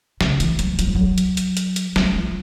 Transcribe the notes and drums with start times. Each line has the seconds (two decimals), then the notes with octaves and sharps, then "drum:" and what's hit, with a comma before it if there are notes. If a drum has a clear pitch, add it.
0.21 C#3, drum: snare
0.40 E3, drum: hi-hat
0.59 F#3, drum: hi-hat
0.79 F#3, drum: hi-hat
0.87 F3
0.95 F#3
1.18 drum: hi-hat
1.37 drum: hi-hat
1.57 drum: hi-hat
1.76 drum: hi-hat
1.96 F#3, drum: snare
2.16 F3